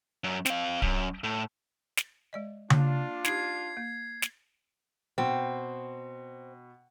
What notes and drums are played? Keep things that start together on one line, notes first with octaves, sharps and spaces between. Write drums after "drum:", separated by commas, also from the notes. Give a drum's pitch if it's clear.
F#2
C4 F5, drum: snare
F#2, drum: kick D1
A2
drum: snare
G#3 D5 D#5
A#3 D4 F4 C#5, drum: tom C#3
D#4 G4 G#6 C7, drum: snare
A#3
drum: snare
B2 C4